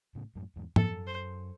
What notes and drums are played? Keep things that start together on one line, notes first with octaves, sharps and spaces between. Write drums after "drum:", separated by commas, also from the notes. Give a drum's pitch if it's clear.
A2 C#3
F#2 A2
E2 G#2
F#2 A4, drum: tom G#2
C5